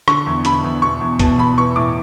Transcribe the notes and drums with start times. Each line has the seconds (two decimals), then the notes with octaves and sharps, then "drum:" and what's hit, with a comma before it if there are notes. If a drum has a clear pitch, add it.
0.08 D3 C#6, drum: rim click
0.27 E2
0.45 D3 B5, drum: hi-hat
0.64 E2
0.82 B2 C#6
1.01 E2
1.19 B2 A5, drum: kick, hi-hat
1.38 E2 B5
1.58 E3 C#6
1.76 A2 D6